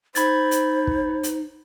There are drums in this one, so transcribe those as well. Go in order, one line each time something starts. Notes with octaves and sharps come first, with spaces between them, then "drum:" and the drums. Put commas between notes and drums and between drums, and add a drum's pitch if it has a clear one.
D#4 C5 B5 G#6 A6, drum: hi-hat
drum: hi-hat
drum: kick
drum: hi-hat